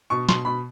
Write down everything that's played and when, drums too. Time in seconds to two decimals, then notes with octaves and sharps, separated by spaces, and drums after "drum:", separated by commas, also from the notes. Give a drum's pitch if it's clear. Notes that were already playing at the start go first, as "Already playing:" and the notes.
0.10 B2 C#6
0.29 B2 C6, drum: snare
0.45 B2 B5